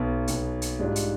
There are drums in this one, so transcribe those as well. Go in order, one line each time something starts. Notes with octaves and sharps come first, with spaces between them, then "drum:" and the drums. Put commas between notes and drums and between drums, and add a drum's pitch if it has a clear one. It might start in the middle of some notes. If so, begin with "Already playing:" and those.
Already playing: B1 B2 B3
B1 B2 B3, drum: hi-hat
drum: hi-hat
G#2 G3 D4 F4
drum: hi-hat